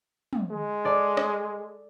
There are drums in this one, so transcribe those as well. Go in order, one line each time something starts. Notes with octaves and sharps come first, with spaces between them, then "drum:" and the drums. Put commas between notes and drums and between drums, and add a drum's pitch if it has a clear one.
drum: tom
G#3
A4 D5
drum: rim click